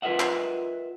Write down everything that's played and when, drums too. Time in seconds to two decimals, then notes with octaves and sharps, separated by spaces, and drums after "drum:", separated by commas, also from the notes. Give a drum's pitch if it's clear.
0.02 F4 A#4 B4 D#5 E5 F#5
0.20 drum: clap